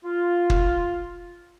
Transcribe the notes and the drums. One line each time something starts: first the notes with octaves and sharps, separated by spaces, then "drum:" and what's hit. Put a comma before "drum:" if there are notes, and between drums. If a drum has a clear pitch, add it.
F4
drum: kick